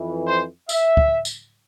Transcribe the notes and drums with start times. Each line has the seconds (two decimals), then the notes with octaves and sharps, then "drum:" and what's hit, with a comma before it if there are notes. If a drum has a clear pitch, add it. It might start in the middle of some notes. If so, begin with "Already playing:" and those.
Already playing: F2 E3
0.27 C5
0.69 E5, drum: tambourine
0.97 drum: kick
1.25 drum: tambourine